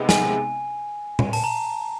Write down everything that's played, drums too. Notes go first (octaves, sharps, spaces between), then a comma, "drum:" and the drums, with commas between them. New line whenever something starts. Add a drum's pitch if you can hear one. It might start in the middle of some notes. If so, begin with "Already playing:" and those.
Already playing: C3 G#3 B3 D#4
G#5, drum: snare
drum: tom A#2
A5, drum: open hi-hat
A#5